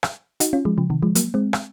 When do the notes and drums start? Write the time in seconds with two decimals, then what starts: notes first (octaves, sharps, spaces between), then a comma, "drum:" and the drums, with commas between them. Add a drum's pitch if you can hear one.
0.03 drum: rim click
0.40 D#4 F#4, drum: hi-hat
0.53 C#4 F4
0.65 F3 G#3
0.78 C#3 F3
0.90 C3 D#3
1.03 F3 G#3
1.15 F#3 A#3, drum: hi-hat
1.34 G#3 C4
1.53 drum: rim click